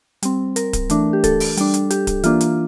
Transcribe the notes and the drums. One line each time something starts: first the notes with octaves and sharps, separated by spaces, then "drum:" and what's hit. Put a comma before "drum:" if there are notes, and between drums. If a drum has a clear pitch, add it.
G3 C4, drum: hi-hat
A#4, drum: hi-hat
drum: kick D1, hi-hat
E3 A3 D4, drum: hi-hat
G4
A4, drum: kick D1, hi-hat
drum: open hi-hat
G3 D4, drum: hi-hat
drum: hi-hat
G4, drum: hi-hat
drum: kick D1, hi-hat
E3 A#3 D4 F4, drum: hi-hat
drum: hi-hat